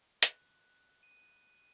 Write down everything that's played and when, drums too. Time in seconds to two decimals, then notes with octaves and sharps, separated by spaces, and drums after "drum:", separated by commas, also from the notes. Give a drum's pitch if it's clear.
0.23 F#6, drum: hi-hat
1.03 D#7